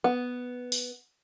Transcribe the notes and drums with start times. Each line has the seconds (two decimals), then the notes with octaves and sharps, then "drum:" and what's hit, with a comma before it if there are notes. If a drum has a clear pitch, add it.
0.04 B3
0.72 drum: open hi-hat